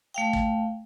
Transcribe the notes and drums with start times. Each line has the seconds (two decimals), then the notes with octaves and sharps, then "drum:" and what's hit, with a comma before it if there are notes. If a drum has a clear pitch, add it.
0.14 A3 F5 G5
0.33 drum: kick